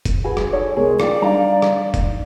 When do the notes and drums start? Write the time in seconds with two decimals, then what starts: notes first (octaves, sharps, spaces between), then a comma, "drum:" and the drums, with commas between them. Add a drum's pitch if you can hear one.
0.05 drum: kick F1, hi-hat
0.24 F#4 G#4 B4 G#5
0.37 drum: rim click
0.53 D#4 A4 C#5
0.76 C2 G#3 B3 G#4 A#4
1.00 D#4 F4 D5 G5 D6, drum: rim click
1.22 G3 D4 D#4 F5 A#5
1.62 drum: rim click
1.94 drum: kick F1, hi-hat